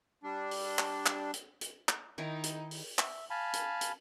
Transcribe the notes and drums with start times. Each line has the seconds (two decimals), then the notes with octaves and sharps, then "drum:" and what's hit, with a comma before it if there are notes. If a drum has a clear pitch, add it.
0.23 G3 D4
0.51 drum: open hi-hat
0.79 drum: clap
1.06 drum: clap
1.34 drum: hi-hat
1.61 drum: hi-hat
1.89 drum: clap
2.18 D#3 D#4 E4
2.44 drum: hi-hat
2.71 drum: open hi-hat
2.98 E5, drum: clap
3.30 F5 G#5 A5 B5
3.53 drum: hi-hat
3.81 drum: hi-hat